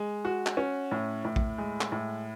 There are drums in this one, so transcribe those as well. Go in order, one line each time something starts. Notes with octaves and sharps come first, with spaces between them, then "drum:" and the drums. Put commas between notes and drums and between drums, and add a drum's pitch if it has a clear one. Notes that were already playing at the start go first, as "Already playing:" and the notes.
Already playing: G#3
F#4
drum: clap
C#4
A2
A2
drum: kick A#1
G#3
drum: clap
A2